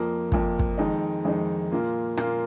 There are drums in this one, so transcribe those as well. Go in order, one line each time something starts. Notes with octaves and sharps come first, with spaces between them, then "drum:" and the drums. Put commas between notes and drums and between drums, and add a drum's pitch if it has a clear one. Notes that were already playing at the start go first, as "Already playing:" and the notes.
Already playing: F2 F3 A#3
F2 F3 A#3, drum: kick
drum: kick
F2 D#3 G#3 D#4
F2 D#3 G#3 D#4
A#2 A#3 F4
A#2 A#3 F4, drum: rim click